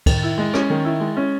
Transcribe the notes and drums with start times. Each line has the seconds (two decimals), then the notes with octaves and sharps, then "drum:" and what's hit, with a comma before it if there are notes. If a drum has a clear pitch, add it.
0.06 D#3, drum: kick, cymbal
0.23 E4
0.38 G#3
0.54 C#4, drum: rim click
0.70 D#3
0.85 E4
1.00 G#3
1.16 C#4